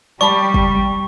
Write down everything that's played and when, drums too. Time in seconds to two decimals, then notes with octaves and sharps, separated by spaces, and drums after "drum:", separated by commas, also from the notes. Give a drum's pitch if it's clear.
0.21 G3 D5 A5 B5 C#6
0.54 drum: kick